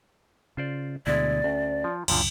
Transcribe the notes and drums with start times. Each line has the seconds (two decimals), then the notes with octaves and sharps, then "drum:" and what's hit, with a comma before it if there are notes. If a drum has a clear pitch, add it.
0.57 C#3 F4 C5 D5
1.07 D2 B2 D3 G#3 E4 D5
1.44 D2 C#4
1.84 F3
2.08 C#2 F#2 A#2 D3 F3, drum: cymbal